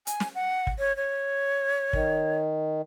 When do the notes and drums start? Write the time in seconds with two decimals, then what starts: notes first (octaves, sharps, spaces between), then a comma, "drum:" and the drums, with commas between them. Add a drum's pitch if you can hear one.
0.07 G#5, drum: hi-hat
0.20 drum: snare
0.35 F#5
0.67 drum: kick
0.79 C#5
0.97 C#5
1.93 D#3, drum: kick